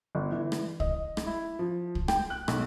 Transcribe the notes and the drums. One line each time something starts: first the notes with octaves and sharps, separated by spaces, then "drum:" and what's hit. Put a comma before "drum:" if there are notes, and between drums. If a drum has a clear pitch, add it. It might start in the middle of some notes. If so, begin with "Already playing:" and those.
G1
E3
drum: rim click
D#5, drum: kick
drum: rim click
E4
F3
drum: kick
G5, drum: rim click
F#6
B1, drum: rim click